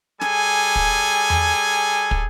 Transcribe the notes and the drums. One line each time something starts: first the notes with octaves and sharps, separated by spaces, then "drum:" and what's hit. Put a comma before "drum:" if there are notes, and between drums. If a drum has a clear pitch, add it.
G3 G#4 A4 G#5, drum: snare
drum: kick
drum: tom E2
drum: kick